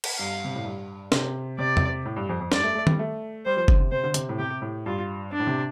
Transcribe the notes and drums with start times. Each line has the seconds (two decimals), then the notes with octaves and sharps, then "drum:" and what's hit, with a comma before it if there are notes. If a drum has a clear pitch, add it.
0.04 drum: cymbal
0.18 G2 F5
0.44 C3
0.55 A2
0.65 G2
1.12 C3, drum: snare
1.58 C3 D5
1.77 drum: tom E2
2.05 A2
2.16 G2
2.29 F2
2.40 F2
2.52 G2 D5, drum: snare
2.63 A3
2.75 A3
2.87 G3, drum: tom D#3
2.99 A3
3.45 G3 C5
3.57 F3
3.68 D3, drum: kick F#1
3.80 C3
3.92 C3 C5
4.04 D3
4.14 C3, drum: hi-hat
4.29 A2
4.39 C3 G4
4.62 A2
4.86 G2 F4
5.32 D4
5.40 A2
5.47 C3